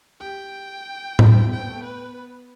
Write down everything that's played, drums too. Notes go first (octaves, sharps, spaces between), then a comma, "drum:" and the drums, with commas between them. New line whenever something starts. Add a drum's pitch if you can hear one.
G4 G5
E4, drum: tom A2
D4
E4
G4
C4 G5
B3
A3
B3
B4